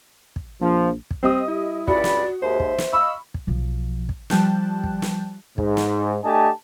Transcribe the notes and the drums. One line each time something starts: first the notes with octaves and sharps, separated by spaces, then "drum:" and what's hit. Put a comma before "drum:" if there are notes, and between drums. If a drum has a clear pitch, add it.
drum: kick
A#1 F3
drum: kick
G3 C4 D#5 D#6
E4
C#2 G2 F#4 D5 B5 C#7, drum: kick
drum: snare
D#2 G#2 C5 E5
drum: kick
drum: snare
D#5 F5 B5 C#6 E6
drum: kick
B1 F3
drum: kick
F3 G3 G5 A5 F#6 G6, drum: snare
drum: kick
drum: snare
G#2, drum: kick
drum: snare
A3 D4 G4 D#5 G#5 A5